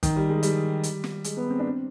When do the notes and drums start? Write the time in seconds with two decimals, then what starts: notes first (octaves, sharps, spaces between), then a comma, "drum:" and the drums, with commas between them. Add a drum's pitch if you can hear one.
0.03 D#3, drum: kick, hi-hat
0.16 G3
0.29 G#3
0.43 G3, drum: hi-hat
0.83 drum: hi-hat
1.04 drum: snare
1.24 G#3, drum: hi-hat
1.37 B3
1.50 C4
1.59 D4
1.67 C4